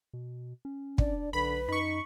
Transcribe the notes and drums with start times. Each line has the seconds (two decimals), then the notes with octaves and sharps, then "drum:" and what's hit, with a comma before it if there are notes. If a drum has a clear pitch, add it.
0.13 B2
0.65 C#4
0.98 D4 D5, drum: kick
1.33 B1 D3 B4 B5
1.69 F#2 D#4 B5 C#6